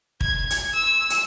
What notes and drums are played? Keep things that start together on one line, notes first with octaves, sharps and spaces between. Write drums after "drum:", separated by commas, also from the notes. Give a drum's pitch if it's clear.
G#6, drum: kick
drum: hi-hat
E6
drum: hi-hat